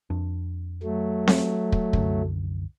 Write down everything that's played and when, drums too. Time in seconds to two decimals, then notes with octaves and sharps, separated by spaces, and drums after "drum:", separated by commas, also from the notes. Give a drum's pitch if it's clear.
0.10 F2 D4
0.83 F#3 A3
1.27 drum: snare C4
1.72 drum: kick
1.93 C2 F#2 D3, drum: kick